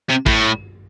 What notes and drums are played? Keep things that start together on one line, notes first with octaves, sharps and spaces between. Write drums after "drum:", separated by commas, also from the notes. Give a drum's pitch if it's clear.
C3
A2, drum: kick